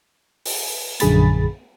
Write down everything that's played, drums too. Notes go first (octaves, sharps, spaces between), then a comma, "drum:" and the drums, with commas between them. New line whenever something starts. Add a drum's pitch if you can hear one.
drum: open hi-hat
A#1 F#2 D3 G#4 B5 A6, drum: hi-hat